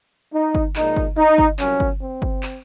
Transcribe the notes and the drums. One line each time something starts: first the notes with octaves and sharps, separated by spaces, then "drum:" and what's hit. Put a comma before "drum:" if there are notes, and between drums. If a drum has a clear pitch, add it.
D#4
drum: kick G1
A#2 F3 G#3 D#4, drum: clap
drum: kick G1
D#4
drum: kick G1
C2 A#2 F#3 A#3 C#4, drum: clap
drum: kick G1
C4
drum: kick G1
drum: clap